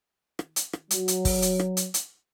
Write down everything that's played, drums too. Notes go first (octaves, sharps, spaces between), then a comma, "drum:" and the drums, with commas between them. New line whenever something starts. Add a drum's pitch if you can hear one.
drum: rim click
drum: hi-hat
drum: rim click
F#3, drum: hi-hat
drum: hi-hat
drum: kick, open hi-hat
drum: hi-hat
drum: rim click
drum: hi-hat
drum: hi-hat